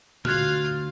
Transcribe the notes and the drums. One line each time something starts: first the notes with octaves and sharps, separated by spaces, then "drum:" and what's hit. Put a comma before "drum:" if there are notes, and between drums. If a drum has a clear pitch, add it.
D2 F4 F#4 F5 F6 F#6 G#6, drum: tom A#2